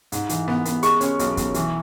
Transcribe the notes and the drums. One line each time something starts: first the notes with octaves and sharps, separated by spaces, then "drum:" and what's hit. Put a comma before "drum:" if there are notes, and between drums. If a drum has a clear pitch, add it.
G#2, drum: hi-hat
E3, drum: hi-hat
B3, drum: snare
B3, drum: hi-hat
G#3 C#6, drum: hi-hat
C#4, drum: hi-hat
B1, drum: hi-hat
B1, drum: kick, hi-hat
E3, drum: hi-hat